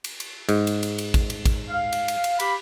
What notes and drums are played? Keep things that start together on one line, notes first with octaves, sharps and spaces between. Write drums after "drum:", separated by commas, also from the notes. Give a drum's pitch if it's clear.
drum: cymbal
drum: cymbal
G#2, drum: cymbal
drum: cymbal
drum: cymbal
drum: cymbal
drum: kick A1, cymbal
drum: cymbal
drum: kick A1, cymbal
F5
drum: cymbal
drum: cymbal
drum: cymbal
G4 F5 B5, drum: cymbal